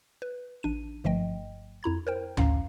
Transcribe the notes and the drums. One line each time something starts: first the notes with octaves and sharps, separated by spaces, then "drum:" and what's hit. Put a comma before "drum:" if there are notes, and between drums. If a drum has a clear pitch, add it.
B4
A1 D4 D#7
G1 G2 F3 A3 D#5 G5
F2 E4 A#5 G#6
A#4 C5 G5
A1 F#2 A2 C#4 F5 A#5, drum: tom D2